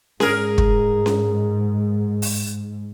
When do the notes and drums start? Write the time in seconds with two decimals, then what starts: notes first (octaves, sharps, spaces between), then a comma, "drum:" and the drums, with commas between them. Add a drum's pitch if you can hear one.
0.20 G#2 G#4 A#4, drum: snare C#4
0.58 drum: kick
1.06 drum: snare C#4
2.22 drum: open hi-hat